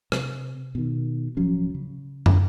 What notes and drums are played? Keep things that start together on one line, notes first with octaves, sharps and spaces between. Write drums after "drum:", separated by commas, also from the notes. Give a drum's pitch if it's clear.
C3, drum: rim click
B2 D#3
D1 F3 F#3 C#4
C#3
drum: tom F#2